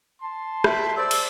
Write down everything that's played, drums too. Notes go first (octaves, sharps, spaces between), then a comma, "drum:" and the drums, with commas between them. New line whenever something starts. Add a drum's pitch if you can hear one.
A5 C6
E5, drum: rim click
C5 D5 E6
drum: cymbal